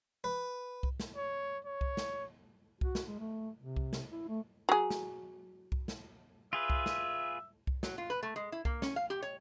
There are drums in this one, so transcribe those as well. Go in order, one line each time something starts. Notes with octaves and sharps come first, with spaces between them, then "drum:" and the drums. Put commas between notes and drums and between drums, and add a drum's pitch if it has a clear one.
B4
drum: kick C2
drum: snare
C#5
C#5
drum: kick C2
drum: snare
F#4, drum: kick C2
drum: snare
G#3
A3
C3
drum: kick C2
drum: snare
E4
A3
F#3 G#4
drum: snare
drum: kick C2
drum: snare
F4 G#4 B4 E5
drum: kick C2
drum: snare
drum: kick C2
F#3, drum: snare
F4
B4
A3
G#3
E4
A#3, drum: kick C2
C#4, drum: snare
F5
G4
C#5